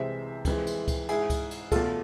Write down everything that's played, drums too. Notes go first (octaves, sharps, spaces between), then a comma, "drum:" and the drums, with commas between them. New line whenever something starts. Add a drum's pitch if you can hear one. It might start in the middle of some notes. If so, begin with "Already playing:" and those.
Already playing: C2 C3 E3 G#3 C5 E5
F2 E3 G#3, drum: kick C#2, cymbal
drum: cymbal
drum: kick C#2, cymbal
G#2 G#3 E4 G#4, drum: cymbal
drum: kick C#2, cymbal
drum: cymbal
E2 B2 A3 F4 A4, drum: kick C#2, cymbal